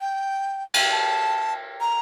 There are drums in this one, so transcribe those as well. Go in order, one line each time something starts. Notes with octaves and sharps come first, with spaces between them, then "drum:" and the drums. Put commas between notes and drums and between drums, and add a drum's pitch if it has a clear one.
G5
drum: cymbal
A5
A#5